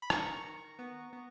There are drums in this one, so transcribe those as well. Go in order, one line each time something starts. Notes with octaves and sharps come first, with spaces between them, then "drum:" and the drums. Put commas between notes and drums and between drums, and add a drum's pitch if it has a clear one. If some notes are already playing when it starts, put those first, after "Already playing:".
B5
D#3 A#5 C#6, drum: rim click
D#3
B3
B3